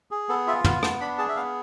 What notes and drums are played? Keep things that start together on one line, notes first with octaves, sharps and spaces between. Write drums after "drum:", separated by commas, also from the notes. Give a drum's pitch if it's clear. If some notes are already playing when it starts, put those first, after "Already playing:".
G#4
B3 A4
F4 E5
B3 F5, drum: tom
B3 A5, drum: rim click
D4 B5
G#4 A5
E5
B3 F5